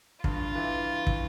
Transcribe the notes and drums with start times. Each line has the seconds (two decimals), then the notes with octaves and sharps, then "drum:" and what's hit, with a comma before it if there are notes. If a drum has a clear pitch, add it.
0.24 G2 F4, drum: kick
0.55 E3
1.07 drum: kick